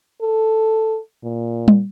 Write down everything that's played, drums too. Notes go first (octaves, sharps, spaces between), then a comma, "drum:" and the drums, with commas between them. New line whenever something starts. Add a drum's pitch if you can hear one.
A4
A#2
drum: tom G3